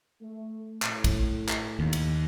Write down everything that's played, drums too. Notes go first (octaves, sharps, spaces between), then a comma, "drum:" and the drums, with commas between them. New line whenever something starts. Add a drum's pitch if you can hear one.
A3
A2, drum: clap
drum: kick A#1, cymbal
drum: clap
D#2
drum: cymbal